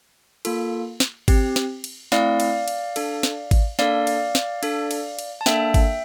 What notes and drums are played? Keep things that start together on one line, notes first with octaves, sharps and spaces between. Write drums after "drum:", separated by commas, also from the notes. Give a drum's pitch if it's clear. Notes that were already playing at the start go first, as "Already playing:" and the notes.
A#3 F4 A4, drum: cymbal
drum: snare
C4 G4, drum: kick G#1, cymbal
drum: snare
drum: cymbal
A3 C4 E4 D5 F5, drum: snare
drum: cymbal
drum: cymbal
D4 A4, drum: cymbal
drum: snare
drum: kick G#1, cymbal
A#3 D4 A4 D5 F5, drum: snare
drum: cymbal
drum: snare
D4 A4, drum: cymbal
drum: cymbal
drum: cymbal
A5
A#3 D4 A4 E5 G5, drum: snare
drum: kick G#1, cymbal